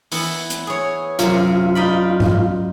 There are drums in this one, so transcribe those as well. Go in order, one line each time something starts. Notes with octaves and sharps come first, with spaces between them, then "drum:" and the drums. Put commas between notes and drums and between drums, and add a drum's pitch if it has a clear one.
E3 B3 E4, drum: open hi-hat
drum: hi-hat
G#4 C#5
F#2 C3 C4 F4, drum: hi-hat
D#4 D5 B5
drum: tom G#2